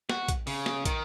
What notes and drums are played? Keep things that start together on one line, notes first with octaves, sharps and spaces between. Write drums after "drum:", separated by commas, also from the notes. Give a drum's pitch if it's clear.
F#4, drum: snare
drum: kick, hi-hat
C#3, drum: open hi-hat
drum: snare
D#3, drum: kick, hi-hat